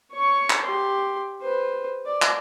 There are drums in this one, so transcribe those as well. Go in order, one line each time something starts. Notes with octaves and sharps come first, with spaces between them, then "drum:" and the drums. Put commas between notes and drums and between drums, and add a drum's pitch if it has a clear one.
C#5 C#6
drum: clap
G4 C6
B4 C5
D5
drum: clap